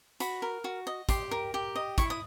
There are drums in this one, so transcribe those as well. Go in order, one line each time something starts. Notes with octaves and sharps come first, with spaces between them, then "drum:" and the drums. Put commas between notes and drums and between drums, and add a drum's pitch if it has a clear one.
F#4 B5, drum: hi-hat
A#4
F#4
D#5
G4 C6, drum: kick, hi-hat
A#4
G4
D#5
E4 C#6, drum: kick, hi-hat
D#6